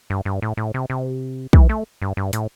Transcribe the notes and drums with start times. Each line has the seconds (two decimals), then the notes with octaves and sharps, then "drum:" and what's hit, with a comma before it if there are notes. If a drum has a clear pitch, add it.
0.10 G2
0.25 G2
0.42 A2
0.57 A2
0.74 C3
0.90 C3
1.53 E3, drum: kick
1.69 A3
2.02 G2
2.17 G2
2.33 A2, drum: hi-hat